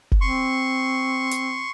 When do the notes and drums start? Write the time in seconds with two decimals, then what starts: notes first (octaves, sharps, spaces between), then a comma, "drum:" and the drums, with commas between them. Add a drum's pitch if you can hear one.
0.12 drum: kick F#1
0.21 C4 C6 C#6
1.31 drum: hi-hat